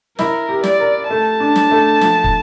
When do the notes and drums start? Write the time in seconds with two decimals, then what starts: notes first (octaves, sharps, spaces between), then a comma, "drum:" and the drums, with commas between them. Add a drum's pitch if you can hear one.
0.19 E4 A#4, drum: snare
0.49 G4
0.63 D5, drum: snare
0.80 A#4
1.09 A3 A5
1.40 D4
1.56 drum: snare
1.71 A3
2.01 F3, drum: snare
2.24 drum: kick